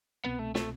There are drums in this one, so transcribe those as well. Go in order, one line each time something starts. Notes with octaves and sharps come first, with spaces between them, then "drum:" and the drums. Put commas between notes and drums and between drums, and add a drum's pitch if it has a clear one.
C2 B2 G3 B3 C4
A3
A3, drum: snare